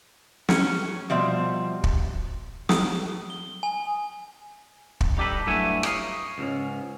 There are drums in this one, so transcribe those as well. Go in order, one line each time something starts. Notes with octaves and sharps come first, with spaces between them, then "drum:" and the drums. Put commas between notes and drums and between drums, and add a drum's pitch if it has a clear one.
C#4, drum: snare
B2 F3 G3 C4 E5
drum: kick
D#6, drum: snare
G7
G#5
drum: kick
G3 D#4 G4 A4 B4
G2 F#3 A3 E4 E5 G#5
D#4 C#5 D#5 F5, drum: rim click
C#2 G#2 C#4